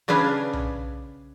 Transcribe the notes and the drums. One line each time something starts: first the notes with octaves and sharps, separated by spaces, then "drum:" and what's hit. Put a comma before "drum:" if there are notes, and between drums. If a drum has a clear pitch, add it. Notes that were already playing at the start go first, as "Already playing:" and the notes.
C#3 D4 G#4 B4 F5
drum: tom B1